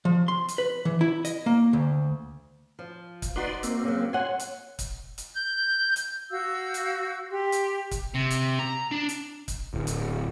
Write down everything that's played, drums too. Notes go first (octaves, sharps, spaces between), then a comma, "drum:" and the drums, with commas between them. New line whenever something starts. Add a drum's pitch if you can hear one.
F3
C6
drum: hi-hat
B4
E3
E4
D#5, drum: hi-hat
A#3
D2
F3
drum: kick, hi-hat
D#4 F#4 B4 D5 C6
A#3 C4, drum: hi-hat
C#3 F#3
C#5 F#5 G#5 C6
drum: hi-hat
drum: kick, hi-hat
drum: hi-hat
G6
drum: hi-hat
F#4 F5 E6 G6
drum: hi-hat
G4 C6
drum: hi-hat
drum: kick, hi-hat
C3
drum: hi-hat
A#5
D4
drum: hi-hat
drum: kick, hi-hat
D1
drum: hi-hat